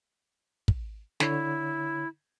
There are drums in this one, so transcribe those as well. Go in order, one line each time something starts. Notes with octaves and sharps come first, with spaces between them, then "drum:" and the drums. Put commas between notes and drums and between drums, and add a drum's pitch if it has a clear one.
drum: kick
D3 E4 C#5, drum: snare